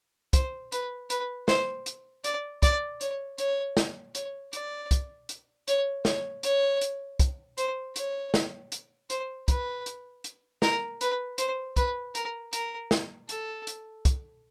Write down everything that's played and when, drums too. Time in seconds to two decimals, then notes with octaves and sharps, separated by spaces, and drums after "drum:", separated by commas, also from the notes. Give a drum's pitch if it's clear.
0.33 C5, drum: kick, hi-hat
0.72 B4, drum: hi-hat
1.10 B4, drum: hi-hat
1.48 C5, drum: snare
1.86 drum: hi-hat
2.24 D5, drum: hi-hat
2.63 D5, drum: kick, hi-hat
3.01 C#5, drum: hi-hat
3.38 C#5, drum: hi-hat
3.77 drum: snare
4.15 C#5, drum: hi-hat
4.53 D5, drum: hi-hat
4.91 drum: kick, hi-hat
5.29 drum: hi-hat
5.68 C#5, drum: hi-hat
6.05 C#5, drum: snare
6.43 C#5, drum: hi-hat
6.81 drum: hi-hat
7.19 drum: kick, hi-hat
7.58 C5, drum: hi-hat
7.96 C#5, drum: hi-hat
8.34 drum: snare
8.72 drum: hi-hat
9.10 C5, drum: hi-hat
9.48 B4, drum: kick, hi-hat
9.86 drum: hi-hat
10.24 drum: hi-hat
10.62 A#4, drum: snare
11.01 B4, drum: hi-hat
11.38 C5, drum: hi-hat
11.76 B4, drum: kick, hi-hat
12.15 A#4, drum: hi-hat
12.53 A#4, drum: hi-hat
12.91 drum: snare
13.29 A4, drum: hi-hat
13.67 drum: hi-hat
14.05 drum: kick, hi-hat